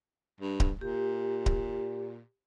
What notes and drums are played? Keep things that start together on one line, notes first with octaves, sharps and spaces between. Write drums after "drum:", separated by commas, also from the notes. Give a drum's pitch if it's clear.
G2
drum: kick D1
A#2 G4
drum: kick D1